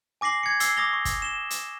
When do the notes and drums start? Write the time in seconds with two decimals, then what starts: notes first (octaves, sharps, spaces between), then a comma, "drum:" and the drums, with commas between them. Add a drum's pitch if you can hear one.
0.21 G#5 D6 A#6 C7 F#7
0.43 G#6 C#7
0.60 E6 C7 G7, drum: hi-hat
0.77 D6 D#6 A6 A#6 F7 G7
0.93 C#6
1.05 drum: kick, hi-hat
1.22 E7 G7
1.50 drum: hi-hat